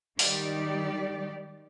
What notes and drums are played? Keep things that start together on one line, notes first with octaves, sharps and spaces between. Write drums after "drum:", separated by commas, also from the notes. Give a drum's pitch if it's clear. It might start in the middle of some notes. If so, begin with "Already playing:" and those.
D#3 G3 G4 D5, drum: open hi-hat